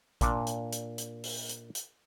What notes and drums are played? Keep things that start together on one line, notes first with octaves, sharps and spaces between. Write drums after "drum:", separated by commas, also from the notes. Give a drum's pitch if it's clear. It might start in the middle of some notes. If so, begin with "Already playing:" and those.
A#2 D4, drum: kick A1, hi-hat
drum: hi-hat
drum: hi-hat
drum: hi-hat
drum: open hi-hat
drum: hi-hat
drum: hi-hat